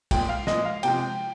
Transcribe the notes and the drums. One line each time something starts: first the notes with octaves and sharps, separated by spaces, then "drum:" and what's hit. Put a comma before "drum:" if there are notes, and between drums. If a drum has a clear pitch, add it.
A#2 G#3 G5, drum: kick, cymbal
F5
A#2 G#3 D#5, drum: snare
F5
C3 F3 G#3 G5, drum: cymbal